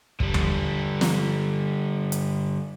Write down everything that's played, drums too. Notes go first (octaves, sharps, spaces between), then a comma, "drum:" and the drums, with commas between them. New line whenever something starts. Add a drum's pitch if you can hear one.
D3 G3, drum: kick
drum: tom D#2
drum: snare
drum: hi-hat